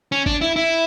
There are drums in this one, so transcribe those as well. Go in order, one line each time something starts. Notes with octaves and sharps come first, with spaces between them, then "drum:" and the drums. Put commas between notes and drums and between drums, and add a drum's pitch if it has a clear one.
C#4
D4, drum: kick G1
E4
E4